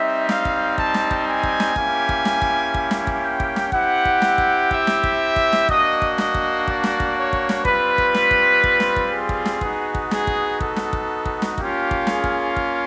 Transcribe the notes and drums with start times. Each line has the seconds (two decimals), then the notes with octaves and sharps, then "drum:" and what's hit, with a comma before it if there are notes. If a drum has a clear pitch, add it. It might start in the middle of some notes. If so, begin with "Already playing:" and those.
Already playing: G3 C4 D#4 E5
0.29 F5, drum: snare
0.45 drum: kick
0.78 A5, drum: kick
0.94 drum: snare
1.11 drum: kick
1.27 G#5
1.43 drum: kick
1.60 drum: snare
1.76 A#3 C#4 E4 G4, drum: kick
2.09 drum: kick
2.25 drum: snare
2.42 drum: kick
2.74 drum: kick
2.91 drum: snare
3.07 drum: kick
3.23 G5
3.40 drum: kick
3.56 drum: snare
3.72 C4 E4 G4 F#5, drum: kick
4.05 drum: kick
4.22 drum: snare
4.38 drum: kick
4.71 E5, drum: kick
4.87 drum: snare
5.04 drum: kick
5.36 drum: kick
5.53 drum: snare
5.69 A#3 D4 F#4 D#5, drum: kick
6.02 drum: kick
6.18 D#5, drum: snare
6.34 drum: kick
6.68 D5, drum: kick
6.84 drum: snare
7.00 drum: kick
7.17 C#5
7.33 drum: kick
7.49 drum: snare
7.65 G3 C4 F4 B4, drum: kick
7.98 drum: kick
8.15 drum: snare
8.31 drum: kick
8.64 drum: kick
8.80 drum: snare
8.96 drum: kick
9.12 G#4
9.29 drum: kick
9.45 drum: snare
9.61 B3 D#4 F#4, drum: kick
9.95 drum: kick
10.11 G#4, drum: snare
10.27 drum: kick
10.61 A4, drum: kick
10.76 drum: snare
10.93 drum: kick
11.26 drum: kick
11.42 drum: snare
11.58 A#3 C#4 F4 G4, drum: kick
11.91 drum: kick
12.07 G#4, drum: snare
12.24 drum: kick
12.56 drum: kick